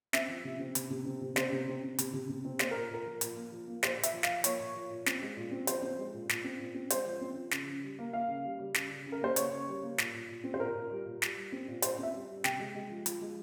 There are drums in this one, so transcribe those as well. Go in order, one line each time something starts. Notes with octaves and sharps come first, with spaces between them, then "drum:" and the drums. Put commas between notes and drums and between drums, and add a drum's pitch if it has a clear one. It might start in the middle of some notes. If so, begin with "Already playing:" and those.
C4 E5, drum: snare
F3
C3
C4
C3, drum: hi-hat
C3
C4
C3
C4 C5, drum: snare
C3
C4
C4
C3, drum: hi-hat
C3
C3
C4
A#3 C5, drum: snare
A#2 A#4
A#2 A#4
F3
A#2, drum: hi-hat
A#3
F3
A#3
A#2 C5, drum: snare
A#2
E5, drum: hi-hat
F3
F5, drum: snare
F3
A#3 C#5, drum: hi-hat
A#2
F3
A#2
C4, drum: snare
G#3
A#2
C4
F3 C5, drum: hi-hat
C4
G#3
A#2
A#2, drum: snare
C4
A#2
C4
G#3 C5, drum: hi-hat
F3
C4
F3
C#3, drum: snare
C#3
G3
A#3
A#3 F5
C#3
G3
G3
C#3, drum: snare
C#3
C#3
A#4
A#3 C5
A#3 C#5, drum: hi-hat
C#3
G3
A#3
A#2, drum: snare
A#2
A#2
C4
C5
A#2 A#4
A#2
G3
A#2
G3, drum: snare
G3
C4
A#2
A#2 C5, drum: hi-hat
C4 E5
G3
G3
C3 G5, drum: snare
G#3
G#3
F3
F3, drum: hi-hat
G#3